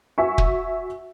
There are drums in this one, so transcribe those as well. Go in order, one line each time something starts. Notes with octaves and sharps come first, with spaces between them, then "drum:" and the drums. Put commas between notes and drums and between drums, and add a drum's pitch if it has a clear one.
F#4 E5 G#5 C#6
drum: kick